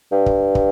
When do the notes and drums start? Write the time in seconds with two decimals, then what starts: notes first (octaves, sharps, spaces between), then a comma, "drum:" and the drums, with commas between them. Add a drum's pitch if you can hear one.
0.12 G2
0.26 drum: kick
0.55 drum: kick